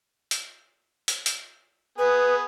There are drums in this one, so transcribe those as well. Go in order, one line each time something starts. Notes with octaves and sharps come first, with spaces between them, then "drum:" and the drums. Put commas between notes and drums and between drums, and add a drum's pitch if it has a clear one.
drum: hi-hat
drum: hi-hat
drum: hi-hat
B3 G#4 B4